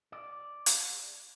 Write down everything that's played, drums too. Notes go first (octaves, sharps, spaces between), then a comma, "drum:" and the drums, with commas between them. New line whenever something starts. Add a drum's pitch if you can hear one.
D5
drum: hi-hat